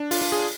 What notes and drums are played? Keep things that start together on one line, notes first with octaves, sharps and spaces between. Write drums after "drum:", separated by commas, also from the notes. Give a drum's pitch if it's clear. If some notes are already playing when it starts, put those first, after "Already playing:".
Already playing: D4
F4, drum: open hi-hat
F4
G#4